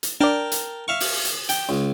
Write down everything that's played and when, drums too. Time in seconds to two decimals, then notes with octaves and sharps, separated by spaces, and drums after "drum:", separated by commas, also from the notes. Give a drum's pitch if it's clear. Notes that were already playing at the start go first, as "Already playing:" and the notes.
0.03 drum: hi-hat
0.21 D4 A#4 D5 G5 A5
0.52 drum: hi-hat
0.88 E5 F5 C#6
1.00 drum: open hi-hat
1.25 drum: hi-hat
1.49 G5, drum: hi-hat
1.69 C#2